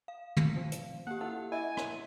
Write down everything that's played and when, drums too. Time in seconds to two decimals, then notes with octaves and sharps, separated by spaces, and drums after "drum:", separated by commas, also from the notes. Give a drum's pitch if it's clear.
0.08 F5
0.37 drum: tom
0.56 F3 C4
0.72 drum: hi-hat
1.07 A#3 G4 F#5 F#6
1.21 C#4 E4 F4 A4 F#5
1.52 E4 D#5 E5 G#5 D#7
1.77 drum: rim click